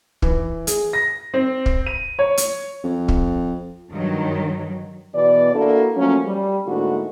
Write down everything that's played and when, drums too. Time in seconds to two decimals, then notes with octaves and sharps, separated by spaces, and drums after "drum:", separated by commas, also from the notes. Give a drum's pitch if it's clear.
0.22 E3, drum: kick
0.67 G#4, drum: hi-hat
0.93 A#6
1.34 C4
1.66 drum: kick
1.87 D#7
2.19 C#5
2.37 drum: hi-hat
2.84 F2
3.08 drum: kick
3.90 G2 D#3 F#3
5.14 B2 E3 B3 D5
5.53 A#3 D4 E4 F#4 A4
5.95 F3 F#3 A3 A#3 C#4
6.26 G3
6.66 G#2 D3 A3 A#3 E4 F#4